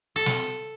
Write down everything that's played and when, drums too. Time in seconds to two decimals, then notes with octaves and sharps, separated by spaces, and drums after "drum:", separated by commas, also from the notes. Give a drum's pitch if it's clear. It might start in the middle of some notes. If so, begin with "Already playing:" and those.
0.16 A4
0.26 drum: snare